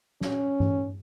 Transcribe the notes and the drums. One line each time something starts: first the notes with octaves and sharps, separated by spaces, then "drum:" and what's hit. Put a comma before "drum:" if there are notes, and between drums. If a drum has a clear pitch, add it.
C#4, drum: snare
drum: tom G2